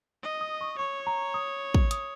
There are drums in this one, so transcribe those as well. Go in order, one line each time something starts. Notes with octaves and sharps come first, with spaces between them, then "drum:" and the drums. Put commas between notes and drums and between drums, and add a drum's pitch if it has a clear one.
D#5
D#6
C#6
C#5 C#6
A#5
D#6
drum: kick
D#6, drum: hi-hat